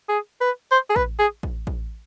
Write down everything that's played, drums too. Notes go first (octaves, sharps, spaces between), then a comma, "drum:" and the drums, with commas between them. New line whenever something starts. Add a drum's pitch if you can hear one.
G#4
B4
C5
G#4
B4, drum: kick A1
G#4
drum: kick A1
drum: kick A1